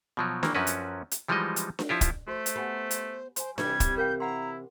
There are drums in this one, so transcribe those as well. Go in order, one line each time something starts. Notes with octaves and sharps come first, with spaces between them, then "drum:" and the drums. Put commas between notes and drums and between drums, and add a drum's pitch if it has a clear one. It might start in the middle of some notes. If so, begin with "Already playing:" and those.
B2 F3 F#3
D#3 E3 A#3, drum: snare D4
F#2 F3 F#3 C#4 F#4 B4
drum: hi-hat
drum: hi-hat
E3 F3 G3 G#3 D#4 D#5
drum: hi-hat
drum: snare D4
F3 E4 F4 G4
drum: kick, hi-hat
A3 F#4 C5 C6
drum: hi-hat
B3 G4 G#5
drum: hi-hat
C5 G#5 C6, drum: hi-hat
C3 E3 G3 B4 G#6, drum: snare D4
drum: kick, hi-hat
A#4 F5 G5 G6
E4 F#5 A#5 C6